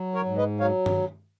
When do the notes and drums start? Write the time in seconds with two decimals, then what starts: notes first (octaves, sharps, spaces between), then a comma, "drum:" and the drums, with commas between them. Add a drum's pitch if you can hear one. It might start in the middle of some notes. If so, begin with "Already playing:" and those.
Already playing: F#3
0.14 A#4 C#5
0.26 G#2
0.37 B4 D#5
0.60 F#3 C#5 F5
0.86 drum: tom G2